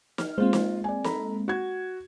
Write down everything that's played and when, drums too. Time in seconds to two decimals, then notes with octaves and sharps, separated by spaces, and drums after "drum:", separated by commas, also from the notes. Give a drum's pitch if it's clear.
0.18 F6, drum: snare
0.38 G#3 A#3 C4 F4 C5
0.53 drum: snare
0.84 D5 G#5
1.04 A4 A#5 B5, drum: snare
1.48 F#4 G#6